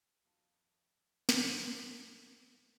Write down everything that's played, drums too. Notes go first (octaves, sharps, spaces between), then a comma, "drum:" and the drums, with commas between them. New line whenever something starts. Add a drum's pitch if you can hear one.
F2 A#2 D#3 F#4 A4 F5 A5
drum: snare
C4 F#5